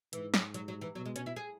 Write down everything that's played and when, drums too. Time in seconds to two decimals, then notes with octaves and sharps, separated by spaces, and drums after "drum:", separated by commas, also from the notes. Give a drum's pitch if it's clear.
0.13 G#2 E3, drum: hi-hat
0.34 drum: snare
0.54 F#3, drum: hi-hat
0.68 F#3
0.81 E3
0.95 B2 F#3
1.06 G#3
1.16 C#4, drum: hi-hat
1.26 E4
1.36 G#4